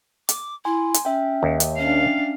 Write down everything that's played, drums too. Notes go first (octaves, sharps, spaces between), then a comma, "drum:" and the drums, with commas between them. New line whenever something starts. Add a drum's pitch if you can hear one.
D6, drum: hi-hat
E4 G#5 C6
drum: hi-hat
C#4 E5 G5
D#2
drum: hi-hat
C#4 D4 F5